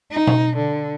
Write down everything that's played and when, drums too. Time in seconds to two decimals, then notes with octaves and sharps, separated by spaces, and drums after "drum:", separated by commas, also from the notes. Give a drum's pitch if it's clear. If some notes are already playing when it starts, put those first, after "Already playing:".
0.11 D#4
0.27 drum: tom B2
0.56 D3